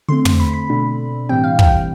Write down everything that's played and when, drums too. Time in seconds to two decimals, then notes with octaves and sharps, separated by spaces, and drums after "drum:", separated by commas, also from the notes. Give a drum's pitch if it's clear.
0.09 D3 A3 C4 C6
0.25 drum: tom
0.40 B5
0.53 B5
0.70 B2 A3 D4
1.29 A2 E3 G3 C4 G5
1.44 F5
1.59 G5, drum: kick